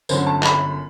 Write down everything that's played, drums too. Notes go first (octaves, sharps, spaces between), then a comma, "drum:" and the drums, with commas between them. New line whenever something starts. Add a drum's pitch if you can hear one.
G1 F#2 D3 F#3 C5, drum: tambourine
A5
B5, drum: clap